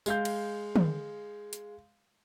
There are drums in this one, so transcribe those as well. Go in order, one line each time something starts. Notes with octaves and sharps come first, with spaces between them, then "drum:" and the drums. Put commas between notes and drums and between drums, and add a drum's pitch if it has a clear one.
G#3 F5 G6, drum: tambourine
drum: cymbal
drum: tom
drum: hi-hat